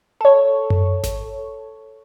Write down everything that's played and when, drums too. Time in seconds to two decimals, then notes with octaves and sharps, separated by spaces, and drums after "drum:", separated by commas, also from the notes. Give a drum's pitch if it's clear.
0.21 A4 C#5
0.70 drum: tom F#2
1.04 drum: snare G#1